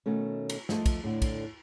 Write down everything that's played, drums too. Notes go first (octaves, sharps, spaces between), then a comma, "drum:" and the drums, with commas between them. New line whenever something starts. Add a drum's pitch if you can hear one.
B2 D#3 A3 C#4
drum: cymbal
F3 A3 D#5 A5, drum: snare
drum: kick, cymbal
A2 D3
drum: kick, cymbal